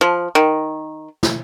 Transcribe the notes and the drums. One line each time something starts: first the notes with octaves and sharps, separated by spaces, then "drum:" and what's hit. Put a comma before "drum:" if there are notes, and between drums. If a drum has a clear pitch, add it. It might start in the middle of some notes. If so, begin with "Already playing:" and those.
F3
D#3
drum: snare